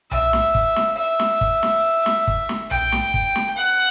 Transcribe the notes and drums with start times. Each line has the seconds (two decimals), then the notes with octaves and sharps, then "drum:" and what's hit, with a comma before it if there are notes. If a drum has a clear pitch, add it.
0.11 E5, drum: tom B1
0.33 drum: snare
0.55 drum: kick
0.76 drum: snare
0.98 E5
1.19 drum: snare
1.41 drum: kick
1.63 drum: snare
2.06 drum: snare
2.27 drum: kick
2.49 drum: snare
2.71 G5, drum: tom B1
2.92 drum: snare
3.14 drum: kick
3.35 drum: snare
3.57 F#5